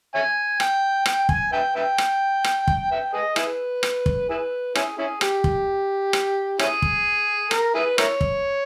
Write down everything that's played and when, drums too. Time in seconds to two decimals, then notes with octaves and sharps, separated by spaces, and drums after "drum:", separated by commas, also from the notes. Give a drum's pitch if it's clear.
0.14 C#5 E5 G#5
0.60 G5, drum: rim click
1.06 G5, drum: rim click
1.29 G#5, drum: kick
1.52 B4 E5 G5
1.75 B4 E5 G5
1.98 drum: rim click
2.44 drum: rim click
2.67 drum: kick
2.91 B4 E5 G5
3.13 G#4 B4 D#5
3.36 E4 G#4 B4, drum: rim click
3.83 drum: rim click
4.06 drum: kick
4.29 E4 G#4 B4
4.75 C#4 E4 G#4, drum: rim click
4.98 C#4 E4 G#4
5.21 G4, drum: rim click
5.44 drum: kick
6.13 drum: rim click
6.59 C#4 E4 G#4, drum: rim click
6.82 drum: kick
7.51 A#4, drum: rim click
7.75 E4 G#4 B4
7.98 E4 A#4 C#5, drum: rim click
8.21 drum: kick